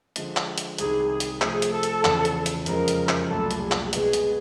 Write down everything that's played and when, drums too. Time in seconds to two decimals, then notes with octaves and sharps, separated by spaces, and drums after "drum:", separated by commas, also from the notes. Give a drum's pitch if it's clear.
0.16 D3 F3 G#3, drum: hi-hat
0.37 drum: clap
0.58 drum: hi-hat
0.78 C2 C3 D#3 G#4, drum: hi-hat
1.10 G#4
1.20 drum: hi-hat
1.42 C3 F3 A3 G#4, drum: clap
1.62 drum: hi-hat
1.73 A4
1.83 drum: hi-hat
2.05 E2 C#3 F3, drum: clap
2.25 drum: hi-hat
2.46 drum: hi-hat
2.66 F2 C#3 F3 G#3 A#4, drum: hi-hat
2.88 drum: hi-hat
3.09 drum: clap
3.30 C2 A#2 F#3 A3 A4
3.51 drum: hi-hat
3.61 G#4
3.72 drum: clap
3.93 B2 G#3 B3 G#4, drum: hi-hat
4.13 drum: hi-hat